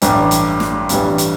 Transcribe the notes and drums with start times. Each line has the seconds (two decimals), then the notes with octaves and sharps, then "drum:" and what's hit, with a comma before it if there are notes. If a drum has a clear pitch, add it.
0.02 A1 G2 E3 G3, drum: hi-hat
0.31 drum: hi-hat
0.60 drum: snare
0.89 A1 G2 E3 G3, drum: hi-hat
1.18 drum: hi-hat